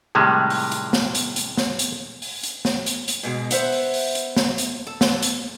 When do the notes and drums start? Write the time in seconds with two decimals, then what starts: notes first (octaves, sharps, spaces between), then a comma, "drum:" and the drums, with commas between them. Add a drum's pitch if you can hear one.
0.15 A2 C3 D#3 G3 G#3
0.50 drum: open hi-hat
0.72 drum: hi-hat
0.93 drum: snare
1.15 drum: hi-hat
1.36 drum: hi-hat
1.57 drum: snare
1.79 drum: hi-hat
2.22 drum: open hi-hat
2.43 drum: hi-hat
2.65 drum: snare
2.86 drum: hi-hat
3.08 drum: hi-hat
3.23 G#2 B2 G#3
3.51 B3 C5 E5 F#5, drum: hi-hat
3.72 drum: open hi-hat
3.94 drum: open hi-hat
4.15 drum: hi-hat
4.37 drum: snare
4.58 drum: hi-hat
4.87 A4
5.01 drum: snare
5.22 drum: hi-hat